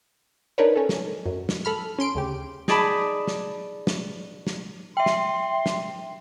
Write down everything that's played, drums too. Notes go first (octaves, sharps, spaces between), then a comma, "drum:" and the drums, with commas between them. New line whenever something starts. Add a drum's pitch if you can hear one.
D4 D#4 A#4 B4 C#5
C#4 A4
drum: snare
F#2
drum: snare
A4 B5 F6
C#4 C6 D7
D2 C#3 G4
D#4 G#4 D5 A5 B5, drum: snare
drum: snare
drum: snare
drum: snare
E5 G5 C6
drum: snare
drum: snare